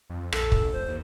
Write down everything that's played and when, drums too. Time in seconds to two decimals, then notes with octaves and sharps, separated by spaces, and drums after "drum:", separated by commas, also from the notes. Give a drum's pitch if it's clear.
0.10 F2
0.32 A#1 A4, drum: rim click
0.52 drum: kick
0.74 F1 C5
0.88 D#2